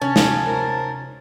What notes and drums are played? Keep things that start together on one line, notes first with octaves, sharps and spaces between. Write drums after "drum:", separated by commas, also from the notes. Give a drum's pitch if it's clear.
C3 C#4 A5
drum: snare
A#4 C5